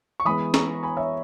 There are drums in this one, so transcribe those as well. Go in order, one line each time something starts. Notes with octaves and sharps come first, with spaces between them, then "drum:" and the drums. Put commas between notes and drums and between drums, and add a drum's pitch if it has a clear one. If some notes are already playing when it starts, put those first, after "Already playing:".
C#6
E3 G#3 B3 B5 D#6
A#5 C#6, drum: snare C#4
G#5 B5
C#5 E5